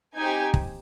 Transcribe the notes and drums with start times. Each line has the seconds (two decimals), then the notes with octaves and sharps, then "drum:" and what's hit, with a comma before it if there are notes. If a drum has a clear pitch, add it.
0.14 C4 D#4 G4 G#5
0.54 drum: kick